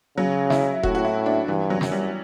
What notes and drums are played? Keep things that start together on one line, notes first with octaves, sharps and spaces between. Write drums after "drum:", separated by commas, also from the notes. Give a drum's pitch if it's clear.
C#3 F#3
E4, drum: snare
A2 F#4, drum: kick E1
F#4
E4
D4
G2 E3
F#3
F#2, drum: snare
G3